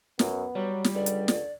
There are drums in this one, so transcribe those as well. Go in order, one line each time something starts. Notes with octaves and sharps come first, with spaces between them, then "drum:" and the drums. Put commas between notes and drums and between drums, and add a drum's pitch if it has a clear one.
F#2 B3, drum: snare
F#3 G3
drum: snare
C#2 D3 D5
drum: hi-hat
drum: snare